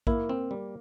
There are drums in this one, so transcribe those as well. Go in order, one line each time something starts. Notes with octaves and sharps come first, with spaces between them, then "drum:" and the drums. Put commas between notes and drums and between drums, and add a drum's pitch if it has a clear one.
A#3 E4, drum: kick
C4
G3